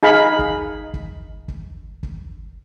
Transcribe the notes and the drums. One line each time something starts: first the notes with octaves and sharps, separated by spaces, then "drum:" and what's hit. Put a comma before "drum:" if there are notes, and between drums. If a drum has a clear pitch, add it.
D#4 G#4 F5 B5
drum: kick
drum: kick
drum: kick
drum: kick